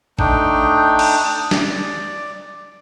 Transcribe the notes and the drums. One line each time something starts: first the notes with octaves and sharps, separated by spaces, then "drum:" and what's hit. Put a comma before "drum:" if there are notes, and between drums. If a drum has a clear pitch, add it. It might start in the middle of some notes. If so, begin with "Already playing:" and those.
A3 D4 D#4 G5, drum: kick
drum: cymbal
D5, drum: snare